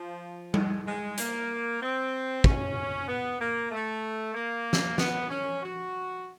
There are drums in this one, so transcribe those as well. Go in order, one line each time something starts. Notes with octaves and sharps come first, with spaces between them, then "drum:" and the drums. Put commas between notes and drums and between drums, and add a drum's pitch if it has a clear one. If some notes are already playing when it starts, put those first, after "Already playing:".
Already playing: F3
G#3, drum: tom G3
G#3
A#3, drum: hi-hat
C4
C#4, drum: kick
B3
A#3
A3
A#3
drum: snare
B3, drum: snare
C#4
F#4